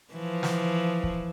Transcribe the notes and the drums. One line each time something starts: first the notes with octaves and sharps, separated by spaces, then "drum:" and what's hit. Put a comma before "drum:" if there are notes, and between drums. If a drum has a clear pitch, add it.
E3 F3
drum: snare
drum: kick